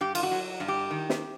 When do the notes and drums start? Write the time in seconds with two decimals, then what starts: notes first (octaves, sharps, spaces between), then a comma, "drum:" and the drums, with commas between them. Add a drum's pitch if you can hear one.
0.01 G2 G4
0.15 F4, drum: cymbal
0.23 F#4
0.31 F#3
0.60 G2
0.68 G4
0.91 D#3
1.10 drum: snare